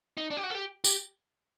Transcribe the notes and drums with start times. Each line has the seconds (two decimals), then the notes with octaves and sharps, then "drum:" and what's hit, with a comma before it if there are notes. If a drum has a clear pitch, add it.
0.17 D#4
0.31 D4
0.37 G4
0.43 F#4
0.50 A4
0.55 G4
0.84 G4, drum: tambourine